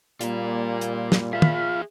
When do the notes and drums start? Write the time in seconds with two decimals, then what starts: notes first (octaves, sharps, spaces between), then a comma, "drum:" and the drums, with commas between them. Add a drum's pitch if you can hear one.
0.21 A#2 G3 A#3 F4 A#4, drum: hi-hat
0.81 drum: hi-hat
1.12 drum: snare
1.33 F4 G#4 E5 F5 B5
1.42 drum: tom